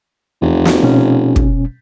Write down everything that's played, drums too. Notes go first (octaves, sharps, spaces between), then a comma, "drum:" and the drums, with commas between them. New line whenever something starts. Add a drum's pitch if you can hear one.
F1 E2
drum: snare
B2 C#4
drum: kick